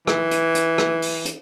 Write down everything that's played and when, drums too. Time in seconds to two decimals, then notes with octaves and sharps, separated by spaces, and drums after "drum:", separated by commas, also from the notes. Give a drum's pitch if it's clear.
0.07 E3, drum: rim click
0.31 drum: hi-hat
0.55 drum: hi-hat
0.78 drum: rim click
1.02 drum: open hi-hat
1.25 drum: hi-hat